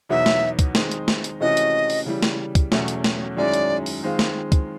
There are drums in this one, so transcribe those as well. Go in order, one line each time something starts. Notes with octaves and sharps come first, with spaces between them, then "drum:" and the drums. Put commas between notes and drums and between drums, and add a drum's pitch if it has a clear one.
E2 B2 F#3 B3 D#4 E5
drum: snare
drum: kick, hi-hat
D#3 G#3 C4 D#4, drum: snare
drum: hi-hat
drum: snare
drum: hi-hat
C3 E3 A3 C#4 F#4 D#5
drum: hi-hat
drum: open hi-hat
C#3 E3 G3
drum: snare
drum: kick, hi-hat
E2 B2 F#3 A3 C#4, drum: snare
drum: hi-hat
drum: snare
F#2 D#3 G#3 C#4 E4 D5
drum: hi-hat
drum: open hi-hat
D#3 G#3 C4 F4
drum: snare
drum: kick, hi-hat